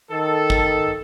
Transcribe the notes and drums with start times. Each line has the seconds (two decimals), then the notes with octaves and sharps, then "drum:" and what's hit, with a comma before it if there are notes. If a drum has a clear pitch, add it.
0.11 D#3 A4
0.50 drum: kick